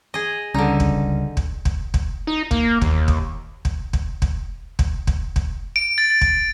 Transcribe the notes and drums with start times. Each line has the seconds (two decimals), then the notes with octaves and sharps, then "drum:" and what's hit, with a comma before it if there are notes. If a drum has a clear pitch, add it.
0.14 G#4 D#5
0.54 C#2 D3 G3 C#4 D#4
0.80 drum: kick
1.37 drum: kick
1.65 drum: kick
1.94 drum: kick
2.27 D#4
2.51 A#3, drum: kick
2.82 D#2, drum: kick
3.08 drum: kick
3.65 drum: kick
3.93 drum: kick
4.22 drum: kick
4.79 drum: kick
5.07 drum: kick
5.36 drum: kick
5.76 D7
5.98 A6
6.10 A6
6.21 drum: kick